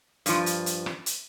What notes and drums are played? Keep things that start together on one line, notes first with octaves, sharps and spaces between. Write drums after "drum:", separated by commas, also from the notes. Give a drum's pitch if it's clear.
G2 F3, drum: hi-hat
drum: hi-hat
drum: hi-hat
drum: rim click
drum: hi-hat